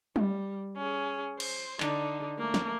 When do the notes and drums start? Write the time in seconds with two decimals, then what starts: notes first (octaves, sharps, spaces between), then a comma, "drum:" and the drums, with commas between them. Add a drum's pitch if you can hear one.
0.16 G3, drum: tom
0.77 C#4 G#4
1.40 C5, drum: cymbal
1.80 D3 D#4, drum: clap
2.38 A3 A#3
2.54 drum: snare